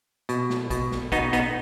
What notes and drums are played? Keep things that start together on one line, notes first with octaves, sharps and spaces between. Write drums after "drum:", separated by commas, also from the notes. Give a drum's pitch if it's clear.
B2, drum: hi-hat
drum: snare
B2, drum: kick, hi-hat
drum: snare
B2 B3 D#4, drum: kick, hi-hat
B3 D#4, drum: hi-hat